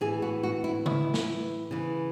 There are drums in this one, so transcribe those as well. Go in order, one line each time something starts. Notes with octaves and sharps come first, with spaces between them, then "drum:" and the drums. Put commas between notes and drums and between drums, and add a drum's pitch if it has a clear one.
A2 E3 G#4
F#4
F#4
E4
E4, drum: tom C#3
drum: snare
C#3 E3